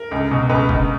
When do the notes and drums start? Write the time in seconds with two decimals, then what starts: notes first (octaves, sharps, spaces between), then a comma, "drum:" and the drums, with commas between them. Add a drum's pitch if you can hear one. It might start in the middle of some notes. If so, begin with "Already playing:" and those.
Already playing: A#4
0.11 C#2
0.31 B2
0.50 C#2 B4
0.69 C#2, drum: kick